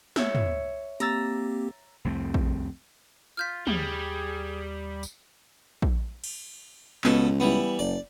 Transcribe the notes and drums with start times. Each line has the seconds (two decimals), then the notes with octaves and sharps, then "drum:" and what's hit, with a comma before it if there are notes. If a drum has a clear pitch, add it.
0.16 C#5 E5, drum: snare
0.35 drum: tom
1.00 A#3 C4 G4 A#5 E6 A6, drum: hi-hat
2.05 C2 F2 A3 C4
2.34 drum: kick A#1
3.37 F4 F6 G6 B6
3.67 D#2 G3 G#4, drum: tom
5.03 drum: tambourine
5.82 drum: kick A#1
6.24 drum: cymbal
7.04 C#2 B2 B3 A4, drum: clap
7.40 E3 G3 B3
7.79 F#1 D5